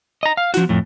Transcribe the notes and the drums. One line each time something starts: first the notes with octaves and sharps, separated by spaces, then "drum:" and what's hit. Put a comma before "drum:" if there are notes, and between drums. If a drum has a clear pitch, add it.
D#5 A#5
F5
F3 F#4, drum: snare
F2 A2